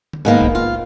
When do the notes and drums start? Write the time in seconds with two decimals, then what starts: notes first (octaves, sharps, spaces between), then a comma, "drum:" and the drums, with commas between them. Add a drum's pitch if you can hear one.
0.13 drum: tom D3
0.25 G#2 D#3 A#3 B3
0.41 drum: kick
0.55 F4